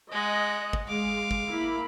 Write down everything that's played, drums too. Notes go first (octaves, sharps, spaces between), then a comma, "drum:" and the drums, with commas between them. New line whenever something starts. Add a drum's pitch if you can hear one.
G#3 D#5 F#5
drum: kick
G#3 F5 D6
drum: kick
A#3 E4 B5